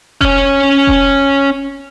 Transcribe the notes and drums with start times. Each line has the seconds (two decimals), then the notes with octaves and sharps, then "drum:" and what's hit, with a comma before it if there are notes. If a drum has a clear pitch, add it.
0.21 C#4 C#5, drum: kick F1
0.87 drum: kick F1